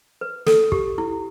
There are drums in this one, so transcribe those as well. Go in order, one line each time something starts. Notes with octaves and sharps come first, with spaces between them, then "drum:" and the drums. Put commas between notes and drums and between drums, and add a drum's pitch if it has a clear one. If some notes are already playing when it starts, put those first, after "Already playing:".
B4
A4, drum: snare
G4, drum: kick
E4